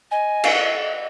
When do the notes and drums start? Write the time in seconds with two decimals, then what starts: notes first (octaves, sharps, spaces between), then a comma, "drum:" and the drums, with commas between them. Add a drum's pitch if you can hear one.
0.11 D#5 G#5
0.44 drum: cymbal